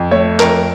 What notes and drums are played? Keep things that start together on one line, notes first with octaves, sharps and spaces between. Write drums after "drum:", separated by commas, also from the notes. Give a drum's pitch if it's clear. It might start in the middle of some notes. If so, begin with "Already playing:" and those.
Already playing: F2
A3 C#5
F2 A#4, drum: clap